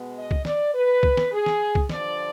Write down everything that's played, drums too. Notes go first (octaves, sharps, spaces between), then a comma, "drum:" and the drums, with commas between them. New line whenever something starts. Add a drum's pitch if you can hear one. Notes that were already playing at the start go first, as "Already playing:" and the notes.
Already playing: B2 G#3 B3
D#5
drum: kick C2
D5, drum: snare
B4
drum: kick C2
drum: snare
G#4
drum: snare
drum: kick C2
G2 D3 F3 D5, drum: snare